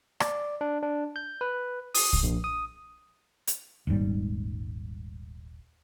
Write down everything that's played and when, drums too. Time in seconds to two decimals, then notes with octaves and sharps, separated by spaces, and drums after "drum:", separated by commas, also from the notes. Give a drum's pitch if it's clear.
0.20 D5, drum: rim click
0.61 D4
0.83 D4
1.16 G6
1.41 B4
1.94 D#6, drum: open hi-hat
2.13 drum: kick B1
2.23 A#1
2.44 D#6
3.47 drum: hi-hat
3.87 D#1 G#1 G#2 G3